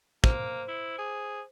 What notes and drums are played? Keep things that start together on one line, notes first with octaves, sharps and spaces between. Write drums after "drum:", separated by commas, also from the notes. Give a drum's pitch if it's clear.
A#3 C5, drum: kick
E4
G#4